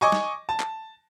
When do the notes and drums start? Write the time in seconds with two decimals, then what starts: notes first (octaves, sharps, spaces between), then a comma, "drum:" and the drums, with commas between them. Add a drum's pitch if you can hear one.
0.01 D#5 G#5 C#6 D6
0.12 drum: snare
0.49 A5
0.60 drum: clap